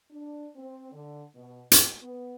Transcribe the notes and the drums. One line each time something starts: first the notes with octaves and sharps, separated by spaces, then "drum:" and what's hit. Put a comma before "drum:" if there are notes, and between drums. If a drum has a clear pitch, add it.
D4
C4
D3
B2
G#2, drum: hi-hat
B3